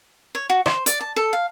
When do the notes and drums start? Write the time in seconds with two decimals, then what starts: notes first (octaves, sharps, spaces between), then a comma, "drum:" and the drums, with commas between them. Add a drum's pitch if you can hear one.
0.35 C#5
0.50 F#4
0.66 C5, drum: rim click
0.86 D5, drum: hi-hat
1.01 A5
1.16 A4
1.33 F5